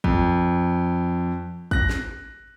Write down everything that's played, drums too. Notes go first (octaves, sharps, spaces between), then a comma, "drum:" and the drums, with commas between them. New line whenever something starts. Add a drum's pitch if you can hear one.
F2, drum: kick
F#6 A#6, drum: kick
drum: snare